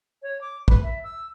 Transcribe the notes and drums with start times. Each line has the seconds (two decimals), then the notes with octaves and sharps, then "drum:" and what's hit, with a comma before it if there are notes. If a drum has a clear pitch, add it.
0.22 C#5
0.41 D6
0.68 B4, drum: kick
0.83 E5
1.03 E6